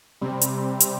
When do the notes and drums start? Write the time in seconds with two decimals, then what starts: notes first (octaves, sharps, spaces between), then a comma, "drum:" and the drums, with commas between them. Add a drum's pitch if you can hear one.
0.21 C3 G3 C4
0.41 drum: hi-hat
0.80 drum: hi-hat